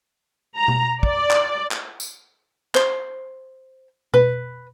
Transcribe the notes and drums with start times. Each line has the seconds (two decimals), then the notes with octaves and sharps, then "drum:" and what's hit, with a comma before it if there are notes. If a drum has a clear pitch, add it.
0.56 A#5
0.68 drum: tom B2
1.03 D5, drum: kick
1.31 drum: clap
1.71 drum: clap
2.00 drum: tambourine
2.75 C5, drum: clap
4.14 B4, drum: tom B2